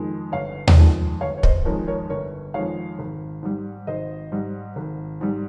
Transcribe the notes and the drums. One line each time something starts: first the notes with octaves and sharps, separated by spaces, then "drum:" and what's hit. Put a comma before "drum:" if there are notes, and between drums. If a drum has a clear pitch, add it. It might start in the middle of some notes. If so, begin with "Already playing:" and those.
Already playing: F2 D#3 G#3
G1 C#5 F5
drum: tom D#2
F2 D#3 G#3
G1 C#5 F5
C#5
C5 D#5, drum: kick
F2 D#3 G#3 A#4 C#5
A#4 C#5
G1 A#4 C#5
F2 D#3 G#3 C#5 F5
G#1
G#2 G3
G#1 C5 D#5
G#2 G3
G#1
G#2 G3